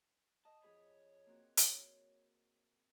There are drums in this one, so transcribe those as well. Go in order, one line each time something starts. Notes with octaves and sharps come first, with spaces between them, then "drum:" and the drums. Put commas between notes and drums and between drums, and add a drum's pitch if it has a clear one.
D#5 A5
F2 G#4 C#5 B5
A#3 C4 F#4
drum: hi-hat